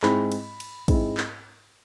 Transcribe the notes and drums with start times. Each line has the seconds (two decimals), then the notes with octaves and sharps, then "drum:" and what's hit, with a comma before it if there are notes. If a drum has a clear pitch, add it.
0.03 G#2 G#3 C4 E4 B5, drum: clap
0.32 drum: cymbal
0.60 drum: cymbal
0.88 G#2 G#3 C4 E4, drum: kick, cymbal
1.17 drum: clap